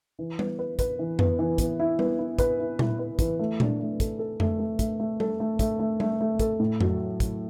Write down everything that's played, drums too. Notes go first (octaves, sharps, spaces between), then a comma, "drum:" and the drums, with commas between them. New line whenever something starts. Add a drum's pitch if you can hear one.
E3
B3, drum: tom G3
B4
B4, drum: kick, hi-hat
E3
B3, drum: tom F2
E3
B3, drum: kick, hi-hat
E4
B3, drum: tom G3
E4
B4, drum: kick, hi-hat
E4
E4, drum: tom A#2
B4
E3, drum: kick, hi-hat
A3
D4, drum: tom A#2
A3
A4, drum: kick, hi-hat
A4
A3, drum: tom F2
A3
A3, drum: kick, hi-hat
A3
A4, drum: tom G3
A3
A3, drum: kick, hi-hat
A3
A3, drum: tom G3
A3
A4, drum: kick, hi-hat
A2
F#3, drum: tom F2
drum: kick, hi-hat